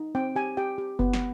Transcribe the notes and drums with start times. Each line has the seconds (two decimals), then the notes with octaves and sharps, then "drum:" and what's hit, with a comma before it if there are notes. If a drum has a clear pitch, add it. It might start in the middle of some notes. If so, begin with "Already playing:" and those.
Already playing: D#4
0.15 C4 G5
0.36 G4 G#5
0.57 G4 G5
0.78 G4
0.99 B3, drum: kick F#1
1.13 drum: snare